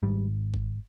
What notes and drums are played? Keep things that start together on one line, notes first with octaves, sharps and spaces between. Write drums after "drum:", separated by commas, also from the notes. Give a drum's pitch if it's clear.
G#1 G#2 G3
drum: kick F#1